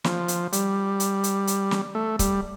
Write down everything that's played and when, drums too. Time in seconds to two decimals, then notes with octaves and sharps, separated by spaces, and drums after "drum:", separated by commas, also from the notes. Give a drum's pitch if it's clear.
0.04 F3, drum: snare
0.28 drum: hi-hat
0.53 G3, drum: hi-hat
1.00 drum: hi-hat
1.24 drum: hi-hat
1.47 drum: hi-hat
1.71 drum: snare
1.95 A3
2.19 G3, drum: kick C#1, hi-hat